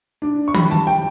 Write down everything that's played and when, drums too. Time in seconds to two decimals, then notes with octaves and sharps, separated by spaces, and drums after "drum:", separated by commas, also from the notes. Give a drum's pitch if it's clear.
0.22 D4
0.48 C#6
0.54 G3 B5, drum: tom
0.71 A5
0.87 G5